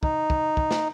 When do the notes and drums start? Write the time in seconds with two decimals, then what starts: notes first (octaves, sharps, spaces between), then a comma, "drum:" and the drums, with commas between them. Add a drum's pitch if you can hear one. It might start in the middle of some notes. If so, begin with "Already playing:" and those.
0.03 D#4, drum: kick
0.30 drum: kick
0.57 drum: kick
0.71 drum: snare